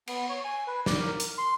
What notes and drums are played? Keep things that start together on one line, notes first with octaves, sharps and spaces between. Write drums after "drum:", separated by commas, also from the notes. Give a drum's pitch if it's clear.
B3, drum: cymbal
C#5
G#5
B4
D5, drum: snare
A#4
drum: hi-hat
C6